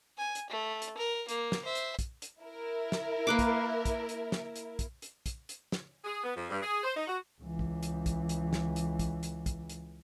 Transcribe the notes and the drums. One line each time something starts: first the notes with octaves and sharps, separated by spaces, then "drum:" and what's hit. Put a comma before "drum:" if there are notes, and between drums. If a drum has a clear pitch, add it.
G#5
drum: hi-hat
A3
drum: hi-hat
A#4
A#3, drum: hi-hat
drum: snare
C5 E5
drum: hi-hat
drum: kick, hi-hat
drum: hi-hat
E4 A#4
drum: snare
A#3 B4 D6
drum: kick, hi-hat
drum: kick, hi-hat
drum: hi-hat
drum: snare
drum: hi-hat
drum: kick, hi-hat
drum: hi-hat
drum: kick, hi-hat
drum: hi-hat
drum: snare
G#4
B3
F2
G2
G#4
C5
D#4
F#4
C#2 E3
drum: kick
drum: hi-hat
drum: kick, hi-hat
drum: hi-hat
drum: snare
drum: hi-hat
drum: kick, hi-hat
drum: hi-hat
drum: kick, hi-hat
drum: hi-hat